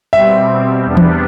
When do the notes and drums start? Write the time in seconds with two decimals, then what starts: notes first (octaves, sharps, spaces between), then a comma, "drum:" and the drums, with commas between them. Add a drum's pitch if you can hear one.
0.13 B2 G3 C4 E5
0.84 E2 C3 G3 B3 D4
0.97 drum: tom E3